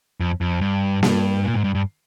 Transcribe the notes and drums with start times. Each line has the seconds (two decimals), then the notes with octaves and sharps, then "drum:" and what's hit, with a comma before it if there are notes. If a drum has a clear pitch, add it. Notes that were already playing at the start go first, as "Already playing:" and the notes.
0.20 F2
0.41 F2
0.61 G2
1.03 G2, drum: snare A#3
1.44 A#2
1.54 G#2
1.64 G2
1.75 G2